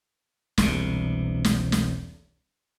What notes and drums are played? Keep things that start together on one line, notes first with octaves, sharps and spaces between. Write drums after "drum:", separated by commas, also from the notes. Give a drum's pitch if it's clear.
E1 C2 C3, drum: snare
drum: snare
drum: snare